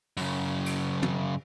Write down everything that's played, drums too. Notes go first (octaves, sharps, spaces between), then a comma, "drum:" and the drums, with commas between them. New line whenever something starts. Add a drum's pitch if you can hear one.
F#2 C#3, drum: open hi-hat
drum: cymbal
drum: tom